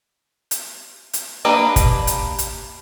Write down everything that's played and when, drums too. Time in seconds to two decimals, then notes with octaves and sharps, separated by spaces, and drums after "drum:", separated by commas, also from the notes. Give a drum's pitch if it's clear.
0.51 drum: hi-hat
1.13 drum: hi-hat
1.45 A#3 D4 G4 B4 D#5
1.76 drum: kick, hi-hat
2.07 drum: hi-hat
2.38 drum: hi-hat